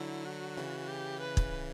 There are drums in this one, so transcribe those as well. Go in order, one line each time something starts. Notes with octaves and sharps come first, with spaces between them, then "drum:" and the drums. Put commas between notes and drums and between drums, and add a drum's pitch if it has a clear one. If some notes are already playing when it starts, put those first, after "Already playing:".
Already playing: D3 F#3 E4
F#4
C#3 E3
G4
B4
drum: kick